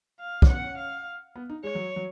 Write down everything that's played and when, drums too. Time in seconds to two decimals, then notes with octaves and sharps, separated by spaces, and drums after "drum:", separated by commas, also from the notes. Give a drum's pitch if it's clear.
0.20 F5
0.42 C#4, drum: kick
0.49 B3 F#5
0.64 C#4
0.78 F5
1.36 B3
1.50 D#4
1.64 G#3 C#5
1.75 F#3
1.96 F#3